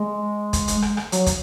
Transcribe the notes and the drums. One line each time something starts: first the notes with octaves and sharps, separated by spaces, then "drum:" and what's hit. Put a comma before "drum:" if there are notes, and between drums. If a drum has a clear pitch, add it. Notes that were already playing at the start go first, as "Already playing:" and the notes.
Already playing: G#3
drum: kick, hi-hat
drum: hi-hat
drum: rim click
drum: rim click
F#3, drum: hi-hat
drum: kick, hi-hat